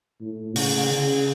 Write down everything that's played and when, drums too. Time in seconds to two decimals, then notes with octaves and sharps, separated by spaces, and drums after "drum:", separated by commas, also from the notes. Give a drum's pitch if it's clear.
0.21 A2
0.56 C#3, drum: open hi-hat
0.90 C#3